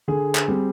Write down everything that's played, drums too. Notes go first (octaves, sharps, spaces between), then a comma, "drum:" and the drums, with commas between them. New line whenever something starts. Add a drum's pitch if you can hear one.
D3 G#4
drum: clap
G3 C4